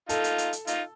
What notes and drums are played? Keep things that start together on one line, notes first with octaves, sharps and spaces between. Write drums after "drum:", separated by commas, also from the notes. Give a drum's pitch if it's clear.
D#4 F4 A4, drum: hi-hat
drum: hi-hat
drum: hi-hat
drum: hi-hat
D#4 F4, drum: hi-hat